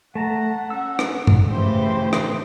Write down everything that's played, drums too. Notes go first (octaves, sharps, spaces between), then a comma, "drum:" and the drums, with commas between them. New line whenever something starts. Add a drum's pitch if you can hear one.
A3 F#5 A5 A#5
C#4 E6
drum: rim click
drum: tom G2
A2 C#3 E3 G4 C5
drum: rim click